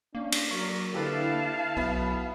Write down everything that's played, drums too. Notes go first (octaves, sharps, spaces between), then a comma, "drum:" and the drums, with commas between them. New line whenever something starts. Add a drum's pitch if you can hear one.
A#3 C#4 D4
drum: cymbal
F#3 A#4 D5 C#6
D3 E4 G4 A4 B4 F5 A5
B1 F#3 B3 E5 B5